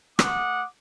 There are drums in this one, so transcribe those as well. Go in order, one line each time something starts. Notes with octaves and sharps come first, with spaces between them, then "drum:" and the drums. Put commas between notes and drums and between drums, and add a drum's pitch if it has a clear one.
A3 F#5 D6 D#6, drum: rim click